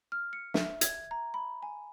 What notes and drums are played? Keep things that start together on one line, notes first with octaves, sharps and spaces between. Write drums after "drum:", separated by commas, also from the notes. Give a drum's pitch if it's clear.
F6
C#7
E5, drum: snare
G#6, drum: hi-hat
A#5
B5
G#5